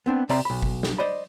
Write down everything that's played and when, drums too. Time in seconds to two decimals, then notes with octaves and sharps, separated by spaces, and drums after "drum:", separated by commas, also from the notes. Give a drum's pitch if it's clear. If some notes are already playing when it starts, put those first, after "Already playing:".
0.06 B3 C4 D4
0.29 C3 C4 D5 E5 A#5 C6, drum: open hi-hat
0.45 B1 B5
0.62 drum: kick G1
0.83 drum: snare
0.98 C5 D5 D#5 B5